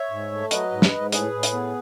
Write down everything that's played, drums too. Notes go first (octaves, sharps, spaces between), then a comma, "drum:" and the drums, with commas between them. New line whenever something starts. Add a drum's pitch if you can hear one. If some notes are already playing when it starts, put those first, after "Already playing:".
Already playing: C#5 E5
G#2
A3
F#3 B4 D#5, drum: hi-hat
G#2
drum: snare
G#2
A2 G#4 B4, drum: hi-hat
A2
drum: hi-hat
B3